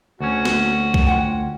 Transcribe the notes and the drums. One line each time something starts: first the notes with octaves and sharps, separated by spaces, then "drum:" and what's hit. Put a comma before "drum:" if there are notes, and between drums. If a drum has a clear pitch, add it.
D2 C#4 F#4
drum: snare
drum: kick
F4 F#5 G5